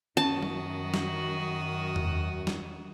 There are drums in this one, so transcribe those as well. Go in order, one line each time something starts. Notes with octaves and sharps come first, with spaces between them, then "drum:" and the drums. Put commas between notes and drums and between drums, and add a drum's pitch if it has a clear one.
F#2 D#3 C#4 F#4 A5 D#6
drum: tom F#3
drum: snare
drum: tom E2
drum: snare